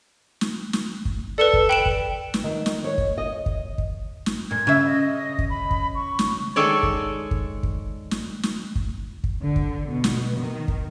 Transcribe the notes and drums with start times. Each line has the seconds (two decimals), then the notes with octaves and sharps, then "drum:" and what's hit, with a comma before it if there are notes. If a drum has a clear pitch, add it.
0.41 drum: snare
0.73 drum: snare
1.05 drum: kick
1.38 A4 B4 D5
1.53 drum: kick
1.69 B4 G5 D7 E7
1.86 drum: kick
2.34 drum: snare
2.44 D#3
2.66 drum: snare
2.84 C#5
2.98 drum: kick
3.18 D#5
3.46 drum: kick
3.78 drum: kick
4.26 drum: snare
4.51 A#2 G#6
4.67 C#3 E5
4.86 D#5
5.39 drum: kick
5.50 B5
5.71 drum: kick
5.95 C#6
6.19 drum: snare
6.56 D#3 G#3 A4 C#5 D5
6.83 drum: kick
7.31 drum: kick
7.63 drum: kick
8.11 drum: snare
8.43 drum: snare
8.75 drum: kick
9.24 drum: kick
9.42 D3
9.56 drum: kick
9.88 B2
10.04 drum: snare
10.39 D#3
10.68 drum: kick